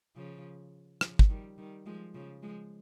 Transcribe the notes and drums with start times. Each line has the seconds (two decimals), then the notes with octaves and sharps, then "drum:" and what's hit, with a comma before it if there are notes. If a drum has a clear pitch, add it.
0.16 C#3 F3
1.01 C#3 F3, drum: rim click
1.19 drum: kick
1.30 D#3 G3
1.58 D#3 G3
1.86 F3 G#3
2.14 C#3 F3
2.43 F3 G#3